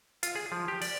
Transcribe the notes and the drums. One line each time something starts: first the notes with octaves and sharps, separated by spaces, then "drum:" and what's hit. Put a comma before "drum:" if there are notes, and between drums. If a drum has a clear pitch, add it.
F4, drum: hi-hat
G#4
F3
G4
D5, drum: open hi-hat